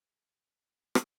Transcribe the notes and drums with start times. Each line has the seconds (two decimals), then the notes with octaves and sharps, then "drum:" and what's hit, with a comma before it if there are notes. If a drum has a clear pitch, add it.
0.04 G#3 G#4 B4
0.95 drum: rim click